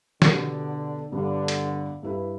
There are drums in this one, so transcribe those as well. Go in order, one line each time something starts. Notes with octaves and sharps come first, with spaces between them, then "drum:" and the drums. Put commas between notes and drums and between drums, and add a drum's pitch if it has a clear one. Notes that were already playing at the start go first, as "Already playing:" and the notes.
B2 D3 B3 G4, drum: snare
G2 D3 G3 B3
drum: hi-hat
G2 G3 E4 B4